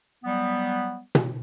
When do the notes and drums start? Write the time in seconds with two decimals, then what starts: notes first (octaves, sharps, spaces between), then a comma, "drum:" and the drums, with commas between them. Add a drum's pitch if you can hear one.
0.24 F#3 G3 B3
1.15 drum: tom B2